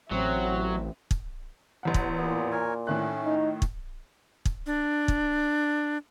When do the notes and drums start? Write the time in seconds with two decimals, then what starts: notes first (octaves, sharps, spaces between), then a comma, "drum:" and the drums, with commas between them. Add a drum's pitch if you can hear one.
0.11 A1 F#3 C4 E5
1.11 drum: kick
1.83 A1 E2 F#5
1.94 drum: kick
2.18 A#2 B3
2.52 A#4 C#5 G#5
2.87 A2 D#3 A3 C#4 F#6
3.25 D#4
3.62 drum: kick
4.45 drum: kick
4.66 D4
5.08 drum: kick